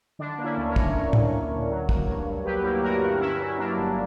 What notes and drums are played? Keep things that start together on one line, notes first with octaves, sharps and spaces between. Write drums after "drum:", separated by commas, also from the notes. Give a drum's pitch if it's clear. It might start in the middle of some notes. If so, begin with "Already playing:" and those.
D3 D4
A#3
C#4 E4
D2
A#4 C#5
D2, drum: kick
D3
A#3, drum: tom
D2
D2
F#3
A#3, drum: kick
G2
G2
F#3 G4 B4
A#3 E4 G4
G2 F#4 A#4
G2
F#4
G2 C#4 E4
F#3
A#3 D4
G1